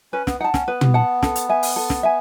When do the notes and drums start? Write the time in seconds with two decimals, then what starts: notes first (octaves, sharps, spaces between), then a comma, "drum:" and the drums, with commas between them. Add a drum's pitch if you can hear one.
0.13 C#4 B4
0.27 B3, drum: snare
0.40 D#4 F#5 A5
0.54 C#4, drum: snare
0.67 B3 B4
0.81 drum: tom
0.94 F#5 A5
1.23 A4, drum: snare
1.36 drum: hi-hat
1.49 E5 G#5
1.63 drum: open hi-hat
1.76 A4
1.90 drum: snare
2.03 E5 G#5